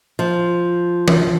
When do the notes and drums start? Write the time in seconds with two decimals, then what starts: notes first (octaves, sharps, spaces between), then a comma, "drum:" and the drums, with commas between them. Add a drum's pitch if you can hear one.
0.19 F3
1.08 drum: tom E3